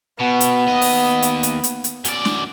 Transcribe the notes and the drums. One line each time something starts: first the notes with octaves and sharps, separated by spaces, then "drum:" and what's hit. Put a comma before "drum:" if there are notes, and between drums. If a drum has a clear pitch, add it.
B2 B3
drum: hi-hat
D#2 D#5
drum: open hi-hat
drum: hi-hat
drum: hi-hat
drum: hi-hat
drum: hi-hat
F#2 D5, drum: hi-hat
drum: snare